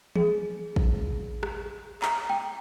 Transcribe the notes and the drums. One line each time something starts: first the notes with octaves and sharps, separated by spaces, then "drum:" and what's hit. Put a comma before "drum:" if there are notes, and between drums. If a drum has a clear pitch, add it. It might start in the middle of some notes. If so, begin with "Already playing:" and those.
G#4, drum: tom
drum: kick
drum: rim click
A#5, drum: clap
G5